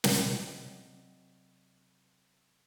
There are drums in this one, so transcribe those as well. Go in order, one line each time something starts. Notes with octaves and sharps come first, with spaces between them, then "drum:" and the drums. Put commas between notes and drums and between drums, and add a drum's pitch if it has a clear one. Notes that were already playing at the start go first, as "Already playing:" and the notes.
C3 F#3 C4 D5 D#5 F#5, drum: snare